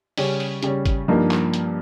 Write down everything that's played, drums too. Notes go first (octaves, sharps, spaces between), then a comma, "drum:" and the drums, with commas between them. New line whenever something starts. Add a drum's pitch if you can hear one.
C#3 G3 C#4, drum: open hi-hat
drum: open hi-hat
C#3 G3 C#4, drum: hi-hat
drum: kick, hi-hat
G2 F3 A#3 D#4 A#4
drum: clap
drum: hi-hat